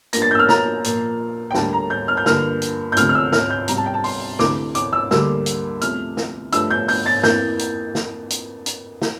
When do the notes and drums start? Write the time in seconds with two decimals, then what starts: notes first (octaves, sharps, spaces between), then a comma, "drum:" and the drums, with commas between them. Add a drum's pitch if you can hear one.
0.13 G2 F3 A#3 A#6, drum: hi-hat
0.22 A6
0.31 G6
0.35 E6
0.39 F6
0.49 A#5, drum: snare
0.84 A#2 F3 A#3, drum: hi-hat
1.51 G5
1.54 D2 D3 G3 A#3 A5, drum: snare
1.73 A#5
1.90 G6
2.08 F6
2.17 G6
2.26 G2 D3 F3 A#3 F6, drum: snare
2.62 drum: hi-hat
2.92 G6
2.97 D2 C3 F3 F6, drum: hi-hat
3.09 F6
3.15 E6
3.32 F6, drum: snare
3.50 G6
3.68 C2 C3 G3 A#5, drum: hi-hat
3.77 A5
3.86 G5
3.94 A5
4.04 C6, drum: open hi-hat
4.39 D2 C3 E3 D6, drum: snare
4.75 D6, drum: hi-hat
4.93 E6
5.11 D2 D3 G3 A#3 E6, drum: snare
5.46 drum: hi-hat
5.81 E2 C3 F3 A3 F6, drum: hi-hat
6.17 drum: snare
6.52 G2 F3 A3 E6, drum: hi-hat
6.70 G6
6.88 G6, drum: open hi-hat
7.06 A6
7.23 F2 E3 A#3 G6, drum: snare
7.59 drum: hi-hat
7.95 drum: snare
8.30 drum: hi-hat
8.66 drum: hi-hat
9.02 drum: snare